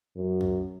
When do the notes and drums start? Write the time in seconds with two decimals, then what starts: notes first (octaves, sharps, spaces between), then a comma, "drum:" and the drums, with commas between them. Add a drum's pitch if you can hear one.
0.16 F#2
0.41 drum: kick B1